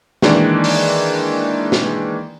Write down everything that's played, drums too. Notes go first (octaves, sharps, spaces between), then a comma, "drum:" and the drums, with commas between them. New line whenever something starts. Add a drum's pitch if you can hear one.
D#3 E3 G#3 A#3 D4 D5, drum: snare
drum: open hi-hat
drum: snare